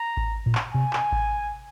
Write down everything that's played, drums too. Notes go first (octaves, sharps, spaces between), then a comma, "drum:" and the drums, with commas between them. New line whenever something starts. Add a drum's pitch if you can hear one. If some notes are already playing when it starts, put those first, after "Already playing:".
Already playing: A#5
drum: kick G#1
A#2
drum: clap
C3 G#5
drum: clap
drum: kick G#1